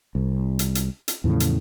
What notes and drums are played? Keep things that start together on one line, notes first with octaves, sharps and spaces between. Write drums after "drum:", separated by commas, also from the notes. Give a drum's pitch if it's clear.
C2
drum: hi-hat
drum: hi-hat
drum: hi-hat
E2 A2 C#3 F3
drum: hi-hat